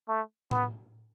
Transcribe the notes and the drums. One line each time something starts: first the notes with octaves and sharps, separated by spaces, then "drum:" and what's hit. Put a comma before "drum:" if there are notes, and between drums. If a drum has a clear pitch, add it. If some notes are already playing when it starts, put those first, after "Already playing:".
A3
B3, drum: tom A2